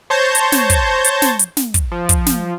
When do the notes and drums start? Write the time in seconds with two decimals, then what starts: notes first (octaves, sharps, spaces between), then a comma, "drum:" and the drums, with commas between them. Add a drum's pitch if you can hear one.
0.10 C5 C#5 A5 G6 G#6 A#6
0.35 drum: hi-hat
0.52 drum: snare
0.70 drum: kick, hi-hat
1.04 drum: hi-hat
1.22 drum: snare
1.39 drum: hi-hat
1.57 drum: snare
1.74 drum: kick, hi-hat
1.92 F3
2.09 drum: kick, hi-hat
2.26 drum: snare